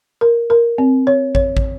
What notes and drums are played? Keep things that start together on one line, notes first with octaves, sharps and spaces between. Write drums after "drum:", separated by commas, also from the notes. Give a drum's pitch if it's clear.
A#4
A#4
C4
C#5
C#5, drum: kick
drum: kick